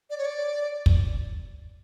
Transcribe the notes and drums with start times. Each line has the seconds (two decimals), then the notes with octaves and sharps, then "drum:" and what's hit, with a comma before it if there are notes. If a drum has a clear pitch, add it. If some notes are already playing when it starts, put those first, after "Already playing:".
0.10 D5
0.18 C#5
0.26 D5
0.86 drum: kick